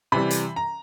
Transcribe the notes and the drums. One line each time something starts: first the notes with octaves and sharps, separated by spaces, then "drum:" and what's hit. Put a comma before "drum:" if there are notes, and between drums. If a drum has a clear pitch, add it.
C3 E3 G3 B5
drum: hi-hat
A#5